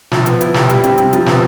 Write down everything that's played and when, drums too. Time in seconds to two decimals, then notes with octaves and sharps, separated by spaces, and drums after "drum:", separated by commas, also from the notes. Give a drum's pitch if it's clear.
0.12 F3, drum: snare
0.26 B3, drum: hi-hat
0.41 E4, drum: hi-hat
0.54 G4, drum: snare
0.69 G3, drum: hi-hat
0.84 C4, drum: hi-hat
0.98 C3, drum: hi-hat
1.13 F3, drum: hi-hat
1.26 B3, drum: snare